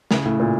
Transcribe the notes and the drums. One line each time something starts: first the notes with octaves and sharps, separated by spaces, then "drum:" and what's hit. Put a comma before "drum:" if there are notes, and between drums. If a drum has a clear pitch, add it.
C#3, drum: snare
A2
A#2